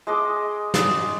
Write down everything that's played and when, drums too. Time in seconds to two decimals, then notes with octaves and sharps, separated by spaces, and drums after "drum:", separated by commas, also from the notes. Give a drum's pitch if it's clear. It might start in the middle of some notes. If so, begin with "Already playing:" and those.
0.07 G#3 D#5 D6
0.74 drum: snare